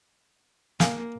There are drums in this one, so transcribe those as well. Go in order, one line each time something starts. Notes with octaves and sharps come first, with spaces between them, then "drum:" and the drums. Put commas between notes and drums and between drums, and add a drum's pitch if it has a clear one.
A#3 F5 G#5, drum: snare